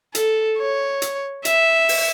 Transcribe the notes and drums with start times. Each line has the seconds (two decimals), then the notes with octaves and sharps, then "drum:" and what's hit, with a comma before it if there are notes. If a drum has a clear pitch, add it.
0.15 A4, drum: hi-hat
0.58 C#5
1.02 drum: hi-hat
1.45 E5, drum: hi-hat
1.89 drum: open hi-hat